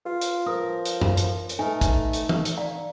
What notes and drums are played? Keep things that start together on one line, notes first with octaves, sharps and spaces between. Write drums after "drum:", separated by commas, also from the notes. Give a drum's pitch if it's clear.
F4 B4
drum: hi-hat
F3 A#4 B4 D#6
drum: hi-hat
drum: tom F#2
drum: hi-hat
drum: hi-hat
A3 D#4 B4 G#5
drum: kick, hi-hat
drum: hi-hat
drum: tom
drum: hi-hat
D5 F5 A#5